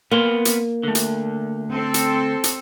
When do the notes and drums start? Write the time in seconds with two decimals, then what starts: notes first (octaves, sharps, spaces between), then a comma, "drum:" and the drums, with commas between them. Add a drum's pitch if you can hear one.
0.11 A#3 B3 A#4 C6
0.45 drum: hi-hat
0.83 D3 A3
0.95 drum: hi-hat
1.69 C4 A4
1.94 drum: hi-hat
2.44 drum: hi-hat